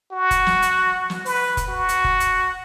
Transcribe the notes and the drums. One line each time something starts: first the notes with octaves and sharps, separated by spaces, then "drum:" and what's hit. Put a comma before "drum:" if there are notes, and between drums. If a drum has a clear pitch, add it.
F#4
drum: kick, hi-hat
drum: snare
drum: hi-hat
drum: snare
B4, drum: open hi-hat
drum: kick, hi-hat
F#4
drum: hi-hat
drum: kick
drum: hi-hat